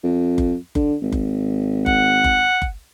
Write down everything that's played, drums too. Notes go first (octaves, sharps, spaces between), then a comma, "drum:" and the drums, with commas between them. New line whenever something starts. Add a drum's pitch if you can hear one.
F2
drum: kick F#1
D3, drum: kick F#1
G#1
drum: kick F#1
F#5, drum: kick F#1
drum: kick F#1
drum: kick F#1